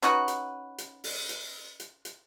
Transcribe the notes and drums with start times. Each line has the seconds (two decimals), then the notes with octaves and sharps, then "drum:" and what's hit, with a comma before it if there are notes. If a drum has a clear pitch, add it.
0.02 C#4 D#4 F#4 B4, drum: hi-hat
0.28 drum: hi-hat
0.78 drum: hi-hat
1.04 drum: open hi-hat
1.29 drum: hi-hat
1.80 drum: hi-hat
2.05 drum: hi-hat